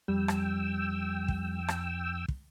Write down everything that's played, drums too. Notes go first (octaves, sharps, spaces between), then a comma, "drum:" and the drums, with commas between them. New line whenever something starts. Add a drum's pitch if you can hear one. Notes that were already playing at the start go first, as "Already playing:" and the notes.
F2 G3 G5 E6
drum: rim click
drum: kick
drum: rim click
drum: kick